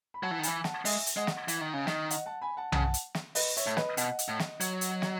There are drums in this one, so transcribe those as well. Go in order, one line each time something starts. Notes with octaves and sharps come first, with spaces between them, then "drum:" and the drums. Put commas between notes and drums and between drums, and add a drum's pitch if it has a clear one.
B5
F#3 F#5 A5
E3
D#3
E3 G#5 B5, drum: hi-hat
F#5 A5, drum: snare
G#3 E5 G#5, drum: open hi-hat
drum: hi-hat
G#3 D#5 F#5
drum: snare
E3, drum: hi-hat
D#3
C#3
D#3, drum: snare
D#5 F#5, drum: hi-hat
F#5 A5
G#5 B5
F#5 A5
C#3 F#5 A5, drum: tom B1
drum: hi-hat
drum: snare
B4 D#5, drum: open hi-hat
C#5 E5, drum: hi-hat
A2
B4 D#5, drum: snare
B2 D#5 F#5, drum: hi-hat
drum: hi-hat
A2
drum: snare
F#3, drum: hi-hat
drum: hi-hat
drum: snare